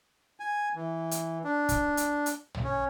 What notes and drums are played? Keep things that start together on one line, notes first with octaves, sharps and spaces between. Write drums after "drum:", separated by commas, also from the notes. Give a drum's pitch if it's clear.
G#5
E3
drum: hi-hat
D4
drum: kick, hi-hat
drum: hi-hat
drum: hi-hat
drum: tom
C#4